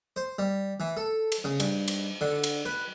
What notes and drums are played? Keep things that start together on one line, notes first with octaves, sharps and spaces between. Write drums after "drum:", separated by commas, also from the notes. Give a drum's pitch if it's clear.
C5
G3
E3
A4
drum: cymbal
C#3
G2, drum: cymbal
drum: cymbal
D3
drum: cymbal
B4